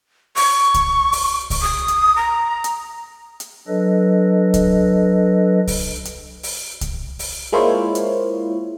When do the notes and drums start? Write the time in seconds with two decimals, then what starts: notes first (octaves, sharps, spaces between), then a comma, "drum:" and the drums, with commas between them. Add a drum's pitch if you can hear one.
0.36 C#6, drum: open hi-hat
0.74 drum: kick C2, hi-hat
1.12 drum: open hi-hat
1.50 drum: kick C2, open hi-hat
1.62 D#6
1.88 drum: hi-hat
2.16 A#5
2.64 drum: hi-hat
3.40 drum: hi-hat
3.68 F#3 D4 A4 B4 D#5
4.54 drum: kick C2, hi-hat
5.67 drum: kick C2, open hi-hat
6.05 drum: hi-hat
6.43 drum: open hi-hat
6.81 drum: kick C2, hi-hat
7.19 drum: open hi-hat
7.52 G#3 A#3 E4 F4 C5 C#5
7.95 drum: hi-hat